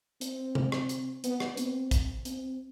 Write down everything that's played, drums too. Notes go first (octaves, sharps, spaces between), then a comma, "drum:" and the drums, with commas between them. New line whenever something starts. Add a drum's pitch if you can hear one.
C4, drum: hi-hat
drum: tom C3
drum: rim click
drum: hi-hat
B3, drum: hi-hat
drum: rim click
C4, drum: hi-hat
drum: kick, hi-hat
C4, drum: hi-hat